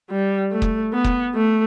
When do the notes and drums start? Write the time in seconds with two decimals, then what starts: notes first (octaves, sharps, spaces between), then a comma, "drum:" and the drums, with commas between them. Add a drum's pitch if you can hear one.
0.10 G3
0.51 A3
0.62 drum: kick
0.92 B3
1.04 drum: kick
1.34 A3